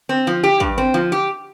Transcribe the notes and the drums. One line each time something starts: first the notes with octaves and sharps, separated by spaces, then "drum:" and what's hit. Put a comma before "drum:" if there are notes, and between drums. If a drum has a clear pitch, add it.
C4
F3
G4
G2, drum: kick
C4
F3
G4